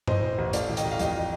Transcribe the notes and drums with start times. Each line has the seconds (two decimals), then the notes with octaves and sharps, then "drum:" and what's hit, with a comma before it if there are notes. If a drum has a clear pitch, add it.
0.08 A2 C5 D#5, drum: tom G2
0.23 A2
0.38 A1
0.53 A3 D5 F5, drum: hi-hat
0.69 A1
0.77 D#5 G5, drum: hi-hat
0.84 A1
0.92 F5
0.99 F2 D#5 G5, drum: hi-hat